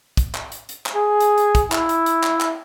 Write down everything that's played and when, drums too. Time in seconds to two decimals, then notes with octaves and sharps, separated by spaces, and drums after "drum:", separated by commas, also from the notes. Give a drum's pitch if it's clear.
0.17 drum: kick, hi-hat
0.35 drum: clap
0.52 drum: hi-hat
0.69 drum: hi-hat
0.86 drum: clap
0.95 G#4
1.20 drum: hi-hat
1.38 drum: hi-hat
1.55 drum: kick, hi-hat
1.72 E4, drum: clap
1.89 drum: hi-hat
2.06 drum: hi-hat
2.23 drum: clap
2.41 drum: clap